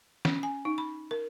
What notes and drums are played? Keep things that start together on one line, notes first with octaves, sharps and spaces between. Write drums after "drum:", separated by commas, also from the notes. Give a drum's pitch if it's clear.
C#4, drum: snare
G#5
D#4
B5
A#4